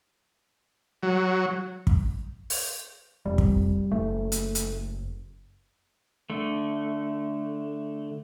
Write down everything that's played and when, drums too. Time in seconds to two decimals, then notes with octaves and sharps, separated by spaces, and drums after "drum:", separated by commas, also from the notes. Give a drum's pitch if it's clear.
1.03 F#3
1.87 drum: kick
2.50 drum: open hi-hat
3.26 F1 G3
3.38 drum: kick
3.92 F#1 A3
4.32 drum: hi-hat
4.55 drum: hi-hat
6.30 D3 A3